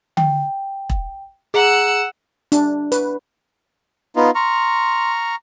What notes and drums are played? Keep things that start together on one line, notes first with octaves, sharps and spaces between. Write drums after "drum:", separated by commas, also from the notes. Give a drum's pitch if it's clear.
G5, drum: tom D3
drum: kick E1
G#4 F#5 A#5 E6 F#7
D4, drum: hi-hat
B4, drum: hi-hat
B3 D#4 F4 F5
A#5 C6 C#6 F6